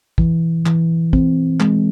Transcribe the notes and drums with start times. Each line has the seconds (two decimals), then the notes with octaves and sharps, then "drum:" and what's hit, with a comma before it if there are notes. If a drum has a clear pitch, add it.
0.18 E3, drum: kick
0.66 E3, drum: clap
1.13 C4, drum: kick
1.60 G#3, drum: clap